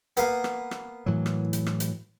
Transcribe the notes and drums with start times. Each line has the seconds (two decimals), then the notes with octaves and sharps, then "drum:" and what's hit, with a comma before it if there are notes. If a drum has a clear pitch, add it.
0.17 A#3 B3, drum: hi-hat
0.44 drum: rim click
0.71 drum: rim click
1.06 A2 E3 F#3
1.26 drum: rim click
1.53 drum: hi-hat
1.66 drum: rim click
1.80 drum: hi-hat